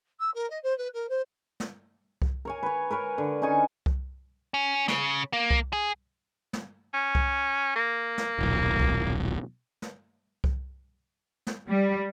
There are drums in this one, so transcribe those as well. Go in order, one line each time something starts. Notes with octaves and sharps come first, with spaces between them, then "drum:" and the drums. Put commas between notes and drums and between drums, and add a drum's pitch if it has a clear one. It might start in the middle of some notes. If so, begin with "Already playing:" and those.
E6
A#4
D#5
C5
B4
A#4
C5
drum: snare
drum: kick C2
A#4 C#5 G#5
B4 C#5
A#4 B4 C#5 G#5
D3
C#4 D#4 G#5 C#6
drum: kick C2
C#4
C#3, drum: snare
A#3
drum: kick C2
G#4
drum: snare
C#4
drum: kick C2
A#3
drum: snare
D#1 B1
drum: kick C2
drum: snare
drum: kick C2
drum: snare
G3